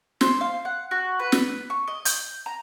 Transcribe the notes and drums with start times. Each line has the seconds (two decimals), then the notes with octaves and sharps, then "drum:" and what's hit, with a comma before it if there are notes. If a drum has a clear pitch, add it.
0.21 C5, drum: snare
0.41 F5
0.65 F#5
0.91 F#4
1.19 B4
1.32 drum: snare
1.70 C#6
1.87 D#5
2.05 G6, drum: hi-hat
2.46 A#5